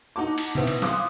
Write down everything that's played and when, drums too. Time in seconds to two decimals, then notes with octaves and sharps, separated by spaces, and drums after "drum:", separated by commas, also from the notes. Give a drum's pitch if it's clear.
0.16 D#4 F#4 A5 D6
0.38 drum: cymbal
0.55 B2 B3 C4 E4, drum: tom C#3
0.67 drum: cymbal
0.82 F5 C6 D6 D#6 F#6, drum: snare